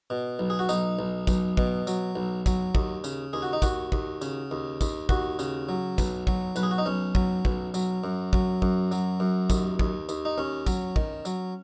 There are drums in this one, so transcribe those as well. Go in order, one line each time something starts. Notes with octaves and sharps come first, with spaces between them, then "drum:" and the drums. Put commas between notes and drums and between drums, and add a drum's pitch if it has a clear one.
B2
B1
G#4
F#4
B1 D#4, drum: tambourine
B1
B1, drum: kick, tambourine
B2, drum: kick
F#3, drum: tambourine
B1
F#3, drum: kick, tambourine
D#2, drum: kick
C#3, drum: tambourine
D#2 G#4
F#4
D#4
D#2 F#4, drum: kick, tambourine
D#2, drum: kick
C#3, drum: tambourine
D#2
D#2, drum: kick, tambourine
D#2 F#4, drum: kick
C#3, drum: tambourine
F#3
B1, drum: kick, tambourine
F#3, drum: kick
B1 B4, drum: tambourine
G#4
F#4
D#4
B1 C#4
F#3, drum: kick
B1, drum: kick
F#3, drum: tambourine
F#2
F#3, drum: kick
F#2, drum: kick
F#3, drum: tambourine
F#2
D#2, drum: kick, tambourine
D#2, drum: kick
D#2, drum: tambourine
D#4
D#2 C#4
F#3, drum: kick, tambourine
D#3, drum: kick
F#3, drum: tambourine